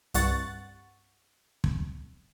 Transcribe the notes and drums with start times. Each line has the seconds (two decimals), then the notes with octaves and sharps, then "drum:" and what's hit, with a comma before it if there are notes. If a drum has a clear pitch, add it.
0.14 C2 G2 F#5 C#6 A6, drum: hi-hat
1.64 drum: kick